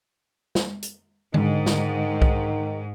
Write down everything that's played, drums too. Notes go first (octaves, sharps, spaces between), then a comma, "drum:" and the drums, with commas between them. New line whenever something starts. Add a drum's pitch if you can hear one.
drum: snare
drum: hi-hat
G#2 D3 D#3, drum: tom D#3
drum: snare
drum: kick B1